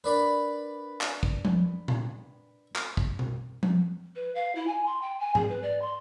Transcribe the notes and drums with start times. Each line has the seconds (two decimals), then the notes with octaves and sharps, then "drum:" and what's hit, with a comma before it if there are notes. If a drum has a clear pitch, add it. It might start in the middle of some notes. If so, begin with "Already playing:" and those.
0.04 D4 A#4 B4 D5 B5
1.01 drum: clap
1.23 drum: kick
1.45 drum: tom F3
1.88 drum: tom A#2
2.76 drum: clap
2.97 drum: kick
3.19 drum: tom B2
3.63 drum: tom F3
4.15 B4
4.34 F5
4.54 E4
4.66 G#5
4.85 C6
5.01 G5
5.19 G#5
5.35 G#4, drum: tom G#2
5.48 B4
5.62 D5
5.81 C6